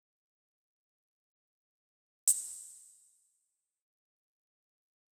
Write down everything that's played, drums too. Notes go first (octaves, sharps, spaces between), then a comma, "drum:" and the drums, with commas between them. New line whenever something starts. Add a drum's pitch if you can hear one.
E4
D4
D4
D4
C#4
E4
drum: hi-hat
E4
D4
E4
F#4
C#4
D4
E4
D4